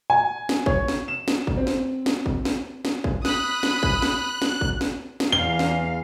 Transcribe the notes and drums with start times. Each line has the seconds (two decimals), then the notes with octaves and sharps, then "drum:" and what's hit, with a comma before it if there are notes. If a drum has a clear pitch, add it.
0.10 G#5
0.49 drum: snare
0.66 C#5, drum: kick
0.88 drum: snare
1.08 E7
1.28 drum: snare
1.47 drum: kick
1.57 C4
1.67 drum: snare
2.06 drum: snare
2.26 drum: kick
2.45 drum: snare
2.85 drum: snare
3.04 drum: kick
3.25 B5 D#6 F#6, drum: snare
3.63 drum: snare
3.83 drum: kick
4.02 drum: snare
4.42 drum: snare
4.61 drum: kick
4.81 drum: snare
5.20 drum: snare
5.32 E2 F5 G7
5.59 drum: snare